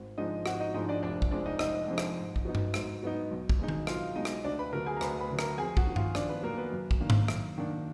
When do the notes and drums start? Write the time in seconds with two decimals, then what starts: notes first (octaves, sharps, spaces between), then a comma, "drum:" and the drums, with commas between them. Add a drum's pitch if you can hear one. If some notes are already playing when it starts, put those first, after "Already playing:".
Already playing: G#1
0.17 G#2 F3 G#3 D4 D#4 D#5
0.46 G#1 F#4 F#5, drum: rim click
0.60 D#4 D#5
0.74 G#2 F3 G#3 D4 D#4 D#5
0.89 D4 D5
1.03 F1 D4 D5
1.22 drum: kick
1.31 F2 F3 G#3 D4 D5
1.46 D#4 D#5
1.59 F1 D#4 D#5, drum: rim click
1.88 F2 F3 G#3 D4
1.98 drum: rim click
2.17 G#2
2.36 drum: kick
2.45 F#3 B3 D#4
2.55 drum: tom G2
2.74 G#2, drum: rim click
3.03 F#3 B3 D#4
3.31 B1
3.49 drum: kick
3.59 B2 G#3 D#4
3.68 drum: tom D#3
3.87 B1 F4 F5, drum: rim click
4.16 B2 G#3 D#4 D#5
4.25 drum: rim click
4.44 D2 D4 D5
4.59 B4 B5
4.72 D3 F#3 A#4 A#5
4.86 G#4 G#5
4.97 A#5
5.01 D2 B4 B5, drum: rim click
5.20 B4 B5
5.30 D3 F#3
5.39 A#4 A#5, drum: rim click
5.58 F2 G#4 G#5
5.77 F#4 F#5, drum: kick
5.87 D#3 F#3
5.96 F4 F5, drum: tom G2
6.15 F2 D4 D5, drum: rim click
6.29 B3 B4
6.43 D#3 F#3 A#3 A#4
6.58 B3 B4
6.72 F#2
6.91 drum: kick
7.00 D#3 A#3 D4
7.10 drum: tom G#2
7.28 F#2, drum: rim click
7.58 D#3 A#3 D4